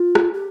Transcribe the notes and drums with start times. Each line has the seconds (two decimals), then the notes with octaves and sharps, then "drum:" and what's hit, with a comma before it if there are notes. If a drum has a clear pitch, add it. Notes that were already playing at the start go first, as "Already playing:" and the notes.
Already playing: F4
0.15 drum: rim click
0.33 G4